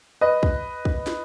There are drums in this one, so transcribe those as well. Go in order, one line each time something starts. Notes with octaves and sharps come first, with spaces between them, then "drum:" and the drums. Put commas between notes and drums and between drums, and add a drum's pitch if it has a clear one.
B4 D#5
drum: kick
drum: kick
drum: snare